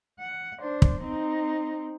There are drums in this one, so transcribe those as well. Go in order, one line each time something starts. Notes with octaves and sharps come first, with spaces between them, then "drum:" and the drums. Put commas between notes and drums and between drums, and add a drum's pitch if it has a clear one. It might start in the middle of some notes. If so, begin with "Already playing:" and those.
F#5
D4 C5
drum: kick
C4 D#4